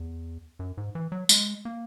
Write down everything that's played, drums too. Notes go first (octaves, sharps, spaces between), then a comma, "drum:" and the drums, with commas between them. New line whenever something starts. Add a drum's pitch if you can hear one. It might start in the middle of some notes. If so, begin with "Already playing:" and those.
Already playing: E2
F#2
G#2
E3
F#3
G#3, drum: tambourine
A#3